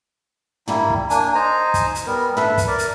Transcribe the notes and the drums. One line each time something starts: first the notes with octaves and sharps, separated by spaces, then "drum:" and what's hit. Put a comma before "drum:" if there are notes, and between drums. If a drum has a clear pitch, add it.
G3 A#3 E4, drum: tom
drum: kick
A#3 D4 G#5, drum: hi-hat
D#4 C5 G#5 A#5
drum: kick, hi-hat
drum: hi-hat
G3 B3 A#4
A4 B4 E5, drum: tom
drum: kick, hi-hat
A#4 D5
drum: hi-hat